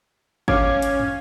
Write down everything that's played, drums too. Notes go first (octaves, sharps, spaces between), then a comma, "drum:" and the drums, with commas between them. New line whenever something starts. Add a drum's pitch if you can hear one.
C#4 C#5 F5 D6 G#6, drum: kick G#1
drum: hi-hat
drum: tom